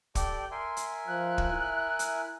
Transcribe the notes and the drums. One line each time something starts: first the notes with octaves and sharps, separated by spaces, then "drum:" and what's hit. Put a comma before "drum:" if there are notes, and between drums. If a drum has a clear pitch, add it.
G4 A4 D5 G5, drum: kick, hi-hat
A#4 E5 G#5 C6
drum: hi-hat
F3 F#6
drum: kick
E4
drum: hi-hat